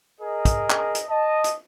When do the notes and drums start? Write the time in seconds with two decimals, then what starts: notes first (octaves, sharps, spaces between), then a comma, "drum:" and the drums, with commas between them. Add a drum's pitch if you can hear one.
0.21 G#4 A#4 D#5
0.45 drum: kick, hi-hat
0.70 drum: clap
0.95 drum: hi-hat
1.09 D#5 A5
1.44 drum: hi-hat